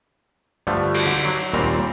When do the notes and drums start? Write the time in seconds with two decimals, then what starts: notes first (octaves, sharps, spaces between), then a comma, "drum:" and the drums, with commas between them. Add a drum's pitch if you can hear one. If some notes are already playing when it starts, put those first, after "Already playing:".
0.67 G2 D3 F3 A3
0.94 drum: cymbal
1.07 D3
1.25 F#3
1.53 D#2 A#2 G3 C4 A#5